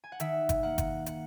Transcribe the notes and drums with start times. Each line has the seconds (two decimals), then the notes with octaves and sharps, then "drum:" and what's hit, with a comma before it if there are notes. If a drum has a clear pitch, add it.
0.04 G#5
0.12 F#5
0.20 D#3 E5, drum: hi-hat
0.49 drum: kick G1, hi-hat
0.63 A#3 F#5
0.78 drum: kick G1, hi-hat
1.06 F#5, drum: hi-hat